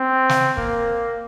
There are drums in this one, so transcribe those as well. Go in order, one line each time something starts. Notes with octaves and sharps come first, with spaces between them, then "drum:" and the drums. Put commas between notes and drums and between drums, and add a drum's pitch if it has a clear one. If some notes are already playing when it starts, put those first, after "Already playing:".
Already playing: C4
drum: snare
A#3, drum: kick